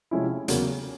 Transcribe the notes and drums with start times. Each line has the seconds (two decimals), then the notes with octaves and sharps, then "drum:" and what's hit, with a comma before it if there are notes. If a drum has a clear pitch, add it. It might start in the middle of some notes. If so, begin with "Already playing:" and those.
0.11 C3 F3 G#3 C#4 E4
0.48 E2 C#3 F#3 A#3, drum: hi-hat